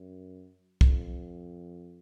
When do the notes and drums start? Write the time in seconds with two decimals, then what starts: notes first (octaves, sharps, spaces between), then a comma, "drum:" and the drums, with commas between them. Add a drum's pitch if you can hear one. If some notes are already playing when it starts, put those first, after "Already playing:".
Already playing: F#2
0.81 F2, drum: kick